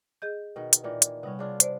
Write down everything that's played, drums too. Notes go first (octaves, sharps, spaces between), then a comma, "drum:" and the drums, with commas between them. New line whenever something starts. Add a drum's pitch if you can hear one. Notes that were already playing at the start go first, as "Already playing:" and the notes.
G#4 D#5 G6
B2 D#3
drum: hi-hat
A#2 D#3 E3
drum: hi-hat
C3 G3 B3 C#4
C#3 D4 F4
C5 D5, drum: hi-hat